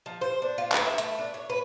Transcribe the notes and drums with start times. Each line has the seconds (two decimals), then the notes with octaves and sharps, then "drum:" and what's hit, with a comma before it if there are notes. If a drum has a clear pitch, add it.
0.06 F3
0.21 C5
0.42 D4
0.58 F4
0.72 B4, drum: clap
0.86 E5
0.98 A3, drum: hi-hat
1.19 D4
1.34 C#5
1.50 B4